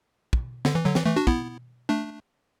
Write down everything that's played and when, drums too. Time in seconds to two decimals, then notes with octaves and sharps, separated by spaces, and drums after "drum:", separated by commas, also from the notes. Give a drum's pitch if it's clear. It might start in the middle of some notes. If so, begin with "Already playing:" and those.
0.33 drum: kick
0.65 D3, drum: snare
0.75 E3
0.85 D3 F#3
0.95 E3, drum: snare
1.06 E3 A3
1.16 D4 F#4
1.27 B3 E4, drum: kick
1.89 A3 D4